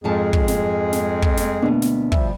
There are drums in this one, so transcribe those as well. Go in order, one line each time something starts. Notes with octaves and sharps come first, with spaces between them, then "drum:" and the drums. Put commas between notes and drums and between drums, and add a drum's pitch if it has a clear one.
F2 G#2 F3 G#3 G#4 A5
drum: kick
drum: snare
drum: snare
drum: kick
drum: snare
D2 B2 A#3 B3 D4
drum: snare
F3 G3 E5, drum: kick